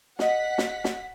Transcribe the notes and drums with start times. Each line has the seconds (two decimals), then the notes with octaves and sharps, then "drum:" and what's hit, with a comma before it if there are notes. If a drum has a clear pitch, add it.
0.19 D#5 F5 F#5 B6, drum: snare
0.58 drum: snare
0.84 drum: snare